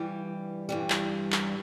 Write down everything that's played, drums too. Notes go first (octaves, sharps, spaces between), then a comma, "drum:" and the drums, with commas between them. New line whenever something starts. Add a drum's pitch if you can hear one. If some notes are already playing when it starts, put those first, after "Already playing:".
Already playing: G2 E3 G3 G4
G2 E3 G3
drum: clap
drum: clap